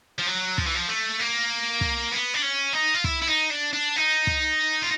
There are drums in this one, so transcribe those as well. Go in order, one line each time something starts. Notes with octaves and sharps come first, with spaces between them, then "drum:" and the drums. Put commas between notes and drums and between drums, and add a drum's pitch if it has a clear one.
F3
F#3
F3, drum: kick
E3
F3
A3
A#3
drum: kick
B3
D4
C#4
D#4
F4
E4, drum: kick
E4
D#4
D4
D4
D#4
drum: kick
F4